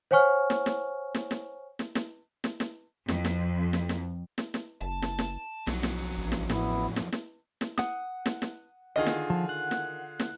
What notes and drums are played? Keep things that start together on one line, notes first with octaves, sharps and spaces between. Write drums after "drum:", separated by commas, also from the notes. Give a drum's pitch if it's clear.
C5 C#5 F#5 G#5 C#6 F6
drum: snare
drum: snare
drum: snare
drum: snare
drum: snare
drum: snare
drum: snare
drum: snare
F2, drum: snare
drum: snare
drum: snare
drum: snare
drum: snare
drum: snare
F#1 A5
drum: snare
drum: snare
B1 F2 F#3, drum: snare
drum: snare
A1 G2
drum: snare
A2 B3 E4, drum: snare
drum: snare
drum: snare
drum: snare
F#5 D#6, drum: snare
drum: snare
drum: snare
D3 D#3 F4 G#4 D#5
drum: snare
F3
F#5
drum: snare
drum: snare